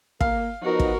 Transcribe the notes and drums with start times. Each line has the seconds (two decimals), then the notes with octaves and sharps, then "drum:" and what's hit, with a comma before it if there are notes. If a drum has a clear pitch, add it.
0.21 A#3 F5, drum: kick
0.62 F3 B3 D#4 F#4 A#4
0.80 drum: kick